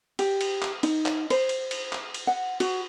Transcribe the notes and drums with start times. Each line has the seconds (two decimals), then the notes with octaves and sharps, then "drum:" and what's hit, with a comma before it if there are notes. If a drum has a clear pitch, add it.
0.19 G4, drum: cymbal
0.41 drum: cymbal
0.62 drum: clap
0.83 D#4, drum: cymbal
1.06 drum: clap
1.30 C5, drum: cymbal
1.49 drum: cymbal
1.71 drum: cymbal
1.93 drum: clap
2.14 drum: cymbal
2.27 F#5
2.60 F#4, drum: cymbal